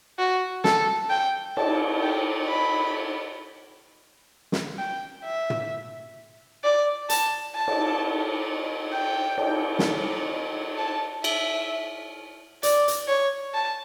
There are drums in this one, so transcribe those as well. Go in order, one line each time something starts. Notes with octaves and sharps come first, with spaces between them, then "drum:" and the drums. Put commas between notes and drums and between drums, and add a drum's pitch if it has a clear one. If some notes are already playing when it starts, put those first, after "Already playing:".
F#4
A4, drum: snare
G5
A5, drum: cymbal
G5
B5
drum: snare
G5
E5
drum: tom
D5
A5, drum: hi-hat
A5
drum: cymbal
G5
drum: cymbal
drum: snare
A5
E5, drum: cymbal
D5, drum: hi-hat
drum: hi-hat
C#5
A5